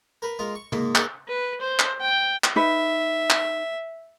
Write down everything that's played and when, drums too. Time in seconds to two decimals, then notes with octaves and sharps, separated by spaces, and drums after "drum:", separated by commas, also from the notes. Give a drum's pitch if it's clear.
0.22 A#4 B4
0.39 G#3 F4 A#4
0.55 C#6
0.72 G#2 G#3 A#3, drum: tom
0.95 D#4 G#4 A#4 C#5 D#5 F5, drum: clap
1.28 B4
1.61 C5
1.79 drum: clap
2.01 G5
2.44 drum: clap
2.56 D#4 B4 E5
3.30 drum: clap